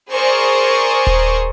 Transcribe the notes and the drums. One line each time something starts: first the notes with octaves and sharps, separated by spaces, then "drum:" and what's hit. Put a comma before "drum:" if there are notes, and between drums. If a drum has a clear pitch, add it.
G#4 A#4 C5 D5 C#6 D#6
drum: kick D#1